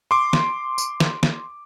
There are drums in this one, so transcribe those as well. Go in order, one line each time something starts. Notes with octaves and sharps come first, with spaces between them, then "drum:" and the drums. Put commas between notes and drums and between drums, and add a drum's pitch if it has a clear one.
C6 D6
drum: snare
drum: tambourine
drum: snare
drum: snare